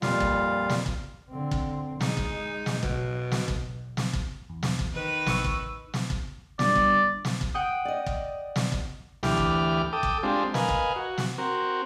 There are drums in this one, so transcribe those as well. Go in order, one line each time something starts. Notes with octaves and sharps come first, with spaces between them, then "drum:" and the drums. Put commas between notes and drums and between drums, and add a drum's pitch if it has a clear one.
F2 A#2 G3 F4 F5, drum: snare
drum: kick
drum: snare
drum: kick
D3 C4
drum: kick
G#3 D#4, drum: snare
drum: kick
drum: snare
B1 B2, drum: kick
drum: snare
drum: kick
drum: snare
drum: kick
E2
drum: snare
drum: kick
D#3 B4
A1 C#6 E6, drum: snare
drum: kick
drum: snare
drum: kick
G1 D5, drum: snare
drum: kick
drum: snare
drum: kick
F#5 G5 D#6
D5 D#5
drum: kick
drum: snare
drum: kick
D2 E3 G4 D6 F6, drum: snare
drum: kick
A4 G5 D6 D#6
drum: kick
G#3 C4 D4 F4 G4
A#4 B4 D#5 F5 G#5, drum: snare
drum: kick
F#4
drum: snare
C4 F#4 A#4